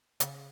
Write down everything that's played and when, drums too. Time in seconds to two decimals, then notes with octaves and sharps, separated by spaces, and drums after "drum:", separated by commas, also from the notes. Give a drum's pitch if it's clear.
0.20 C#3, drum: hi-hat